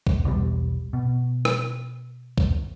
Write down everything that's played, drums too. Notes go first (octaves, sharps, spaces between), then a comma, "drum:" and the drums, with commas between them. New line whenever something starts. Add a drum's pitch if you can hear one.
drum: kick
B1 E2 B2 G3
B2
drum: rim click
drum: kick